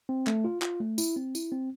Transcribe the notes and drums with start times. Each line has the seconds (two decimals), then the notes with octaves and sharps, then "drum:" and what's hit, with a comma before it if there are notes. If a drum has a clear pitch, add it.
0.09 C4
0.27 A3, drum: clap
0.44 F4
0.62 F4, drum: clap
0.80 A3
0.98 E4, drum: tambourine
1.16 C4
1.35 E4, drum: tambourine
1.52 C4